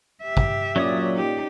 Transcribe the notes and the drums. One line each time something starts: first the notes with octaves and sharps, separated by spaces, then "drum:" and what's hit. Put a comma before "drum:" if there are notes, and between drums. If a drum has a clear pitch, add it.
G4 E5
drum: kick
A#2 F#3 C#4 C#5 D5 D#6
D#4 G4